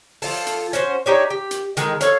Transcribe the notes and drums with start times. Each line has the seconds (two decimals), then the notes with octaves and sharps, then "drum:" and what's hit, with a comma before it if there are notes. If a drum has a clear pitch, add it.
0.22 F3 F4 A4, drum: open hi-hat
0.47 drum: hi-hat
0.73 C#4 F#4 C5, drum: hi-hat
1.06 D4 D#4 G4 C#5
1.30 G4
1.51 drum: hi-hat
1.77 D#3 G#3 A4, drum: hi-hat
2.01 A4 A#4 C#5 F5, drum: hi-hat